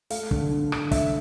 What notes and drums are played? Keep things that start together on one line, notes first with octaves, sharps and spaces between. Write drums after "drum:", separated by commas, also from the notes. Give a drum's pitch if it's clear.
A3 F5, drum: hi-hat
D3, drum: kick
D4
D3, drum: rim click
A3 E5, drum: kick, hi-hat